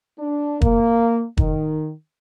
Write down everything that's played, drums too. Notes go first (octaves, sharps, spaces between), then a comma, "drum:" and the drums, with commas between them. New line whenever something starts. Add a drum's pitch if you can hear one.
D4
A#3, drum: kick
D#3, drum: kick